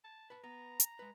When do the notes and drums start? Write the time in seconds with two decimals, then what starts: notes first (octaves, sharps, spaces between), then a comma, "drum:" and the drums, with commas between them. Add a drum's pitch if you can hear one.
0.04 A5
0.30 B4 A5
0.44 B3 A#5
0.80 drum: hi-hat
0.99 G#3 B4